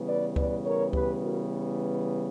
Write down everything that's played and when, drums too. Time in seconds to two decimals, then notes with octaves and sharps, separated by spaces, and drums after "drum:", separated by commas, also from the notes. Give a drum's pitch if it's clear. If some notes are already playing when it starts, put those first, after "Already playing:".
Already playing: C#3 E3 G3 B3
0.08 B4 D5
0.36 B4 D5, drum: kick C#2
0.65 A#4 C#5
0.93 G4 B4, drum: kick C#2
1.22 F#4 A#4